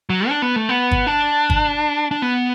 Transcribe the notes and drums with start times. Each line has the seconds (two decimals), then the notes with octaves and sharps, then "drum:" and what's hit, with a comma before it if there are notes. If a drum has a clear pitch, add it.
0.10 F#3
0.29 D4
0.42 B3
0.56 A3
0.69 B3
0.91 drum: kick
1.07 D4
1.50 drum: kick
2.11 D4
2.22 B3